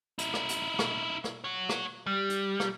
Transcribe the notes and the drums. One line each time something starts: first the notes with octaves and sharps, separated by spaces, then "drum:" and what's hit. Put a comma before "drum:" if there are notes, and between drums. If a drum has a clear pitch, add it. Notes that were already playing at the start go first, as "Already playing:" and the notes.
D#4 E4, drum: hi-hat
drum: rim click
drum: hi-hat
drum: rim click
drum: rim click
F#4 C#5
drum: rim click
G3
drum: hi-hat
drum: rim click